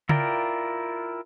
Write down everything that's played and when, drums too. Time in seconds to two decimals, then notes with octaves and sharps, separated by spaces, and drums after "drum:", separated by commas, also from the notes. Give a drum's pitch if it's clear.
0.09 E4 F4 A#4 D5 G5, drum: tom C#3